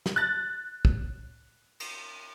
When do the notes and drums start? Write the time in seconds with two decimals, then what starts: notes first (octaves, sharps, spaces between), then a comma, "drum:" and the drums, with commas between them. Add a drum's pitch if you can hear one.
0.06 drum: snare
0.16 F#6 A6
0.85 drum: kick
1.80 drum: cymbal